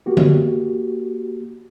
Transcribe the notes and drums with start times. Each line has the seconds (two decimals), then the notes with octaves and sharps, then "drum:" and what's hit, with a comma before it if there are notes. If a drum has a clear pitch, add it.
0.06 A#3 F#4 G4
0.17 drum: tom D3